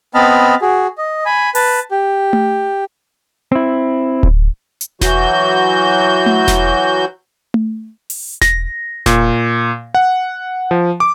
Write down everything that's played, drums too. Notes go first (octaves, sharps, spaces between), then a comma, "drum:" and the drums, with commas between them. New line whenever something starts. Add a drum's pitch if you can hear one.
B3 C4 D#5 A5 B5 F6
F#4 G#4
D#5
G#5 B5
B4 A5, drum: open hi-hat
G4
drum: tom A3
C4 E4
drum: kick D1
drum: hi-hat
E3 F#3 F#4 G6, drum: snare E1
drum: tom A3
drum: snare E1
drum: tom A3
drum: open hi-hat
A#6, drum: snare E1
A#2, drum: snare E1
F#5
F3
D6